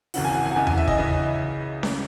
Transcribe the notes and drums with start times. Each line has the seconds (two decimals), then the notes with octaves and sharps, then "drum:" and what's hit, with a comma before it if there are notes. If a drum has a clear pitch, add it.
0.14 G#1 F#2 C#3 E3 F#5, drum: open hi-hat
0.25 G#5
0.35 F#5
0.46 G#5
0.51 F#5
0.56 C#2 C#3 E3 G#5
0.67 G#5, drum: tom E2
0.77 E5
0.88 D#5, drum: kick
0.98 C#2 C#3 E3 D#5
1.83 drum: snare C#4